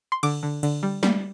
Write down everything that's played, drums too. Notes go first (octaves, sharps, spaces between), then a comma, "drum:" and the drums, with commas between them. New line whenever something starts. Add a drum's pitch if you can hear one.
C6
D3 D6, drum: cymbal
D3
D3, drum: cymbal
G3
G3, drum: snare